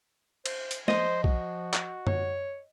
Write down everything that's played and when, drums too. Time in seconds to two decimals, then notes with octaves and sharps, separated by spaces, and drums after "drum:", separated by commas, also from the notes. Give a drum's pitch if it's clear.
0.46 C5, drum: cymbal
0.71 drum: hi-hat
0.88 F3 C5 D#5, drum: snare A#3
1.24 F#4, drum: kick B1
1.73 drum: clap
2.07 C#5, drum: tom F#2